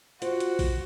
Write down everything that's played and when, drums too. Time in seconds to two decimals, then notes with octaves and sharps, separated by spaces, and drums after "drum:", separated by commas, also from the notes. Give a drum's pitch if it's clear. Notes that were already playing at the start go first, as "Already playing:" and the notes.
0.22 F4 F#4 C5, drum: hi-hat
0.40 drum: hi-hat
0.59 drum: kick A#1, open hi-hat